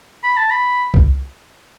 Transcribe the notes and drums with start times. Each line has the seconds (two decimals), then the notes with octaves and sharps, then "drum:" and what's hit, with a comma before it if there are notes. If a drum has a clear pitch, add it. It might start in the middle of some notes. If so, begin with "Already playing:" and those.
0.24 B5
0.37 A5
0.51 B5
0.94 drum: kick C#2